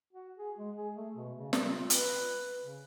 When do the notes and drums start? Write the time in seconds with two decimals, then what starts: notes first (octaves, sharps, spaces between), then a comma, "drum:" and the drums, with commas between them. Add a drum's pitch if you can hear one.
0.13 F#4
0.38 G#4
0.59 G#3
0.78 G#4
0.96 A3
1.15 B2
1.38 C#3
1.53 G3, drum: snare
1.71 F4
1.90 B4, drum: hi-hat
2.63 C#3